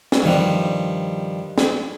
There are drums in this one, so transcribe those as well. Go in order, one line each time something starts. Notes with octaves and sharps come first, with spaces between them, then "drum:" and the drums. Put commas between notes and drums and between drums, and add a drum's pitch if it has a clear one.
drum: snare
G2 D#3 F3 G3
drum: snare